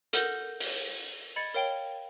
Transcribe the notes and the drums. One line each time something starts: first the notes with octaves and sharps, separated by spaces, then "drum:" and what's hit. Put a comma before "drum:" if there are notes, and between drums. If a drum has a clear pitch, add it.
A4 A#4 F#5 G6 A#6 G7, drum: hi-hat
drum: open hi-hat
D#5 B5 G#6 A6 C#7
A#4 C#5 F5 G5 D7 G7